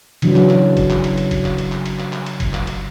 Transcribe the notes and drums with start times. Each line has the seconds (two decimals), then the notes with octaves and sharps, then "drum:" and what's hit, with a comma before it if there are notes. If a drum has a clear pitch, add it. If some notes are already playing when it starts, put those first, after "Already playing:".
0.22 C#3 E3 F#3 D4, drum: cymbal
0.36 drum: clap
0.49 drum: clap
0.77 drum: kick F#1, cymbal
0.90 drum: clap
1.04 drum: cymbal
1.18 drum: cymbal
1.31 drum: kick F#1, cymbal
1.45 drum: clap
1.58 drum: cymbal
1.72 drum: clap
1.86 drum: cymbal
1.99 drum: clap
2.13 drum: clap
2.26 drum: cymbal
2.40 drum: kick F#1, cymbal
2.54 drum: clap
2.67 drum: cymbal